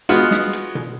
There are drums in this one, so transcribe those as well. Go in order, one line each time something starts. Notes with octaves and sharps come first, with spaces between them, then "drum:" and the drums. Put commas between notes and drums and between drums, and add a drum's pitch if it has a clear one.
G#3 B3 F4 F#4, drum: hi-hat
drum: snare
drum: hi-hat
drum: tom B2